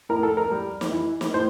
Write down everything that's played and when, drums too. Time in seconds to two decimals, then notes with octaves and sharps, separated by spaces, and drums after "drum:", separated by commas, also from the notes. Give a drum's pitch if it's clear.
0.09 A2 A#4
0.23 A4
0.37 A#4
0.51 G3
0.81 drum: snare
0.92 E3
1.21 drum: snare
1.34 A2 C5